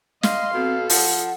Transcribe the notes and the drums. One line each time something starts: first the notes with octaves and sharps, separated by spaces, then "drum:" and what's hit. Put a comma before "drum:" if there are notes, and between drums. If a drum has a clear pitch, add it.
D#5 F5 C6, drum: snare
B2 C4 A4
F3 F#5, drum: open hi-hat